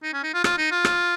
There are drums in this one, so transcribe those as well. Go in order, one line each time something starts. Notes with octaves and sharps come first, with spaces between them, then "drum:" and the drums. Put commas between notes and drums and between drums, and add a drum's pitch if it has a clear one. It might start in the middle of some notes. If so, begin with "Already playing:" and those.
D#4
C#4
D#4
F4
F4, drum: rim click
D#4
F4
drum: rim click